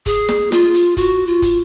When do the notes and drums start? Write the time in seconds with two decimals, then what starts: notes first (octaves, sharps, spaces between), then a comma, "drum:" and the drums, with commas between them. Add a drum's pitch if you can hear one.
0.06 G#4, drum: kick, hi-hat
0.29 drum: snare
0.52 F4, drum: snare
0.74 drum: hi-hat
0.97 F#4, drum: kick, hi-hat
1.27 F4
1.42 drum: kick, hi-hat